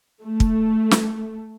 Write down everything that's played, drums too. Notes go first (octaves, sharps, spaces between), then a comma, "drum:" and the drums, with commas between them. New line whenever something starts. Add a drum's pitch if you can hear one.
A3
drum: kick
drum: snare